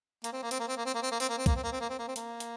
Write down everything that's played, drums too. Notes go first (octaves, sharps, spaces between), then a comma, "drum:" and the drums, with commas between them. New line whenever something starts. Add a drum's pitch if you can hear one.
A#3, drum: hi-hat
C4
A#3
C4, drum: hi-hat
A#3
C4
A#3
C4
A#3
C4
A#3
C4, drum: hi-hat
A#3
C4
A#3, drum: kick, hi-hat
C4
A#3
C4
A#3
C4
A#3
C4
A#3, drum: hi-hat
drum: hi-hat